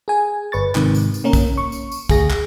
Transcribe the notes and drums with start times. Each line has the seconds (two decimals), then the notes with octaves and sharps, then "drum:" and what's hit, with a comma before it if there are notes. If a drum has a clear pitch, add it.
0.08 G#4 G#5
0.52 G1 B4 C#6 A6
0.75 G#2 C3 D#3, drum: clap
0.95 drum: tambourine
1.14 drum: tambourine
1.24 A#3 C#4 A#4
1.33 drum: kick, tambourine
1.57 C#6
1.72 drum: tambourine
1.92 drum: tambourine
2.09 D2 G#4 A#6, drum: kick, tambourine
2.30 drum: clap